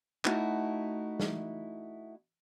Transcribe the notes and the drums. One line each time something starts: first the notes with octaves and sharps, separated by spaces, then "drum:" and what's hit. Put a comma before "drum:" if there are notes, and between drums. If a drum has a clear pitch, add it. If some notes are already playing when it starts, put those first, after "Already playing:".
A3 D#4 E4 F#4, drum: clap
drum: snare